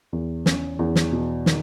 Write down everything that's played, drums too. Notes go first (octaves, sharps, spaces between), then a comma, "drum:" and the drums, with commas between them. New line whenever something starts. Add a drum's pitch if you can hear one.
E2
C#4, drum: snare
E2
drum: snare
B2
D#3, drum: snare